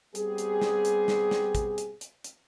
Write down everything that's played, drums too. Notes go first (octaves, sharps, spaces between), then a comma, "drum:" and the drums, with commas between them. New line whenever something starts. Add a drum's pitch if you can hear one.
G3 B3 C4 G4 G#4, drum: hi-hat
drum: hi-hat
drum: snare
drum: hi-hat
drum: snare
drum: snare
drum: kick, hi-hat
drum: hi-hat
drum: hi-hat
drum: hi-hat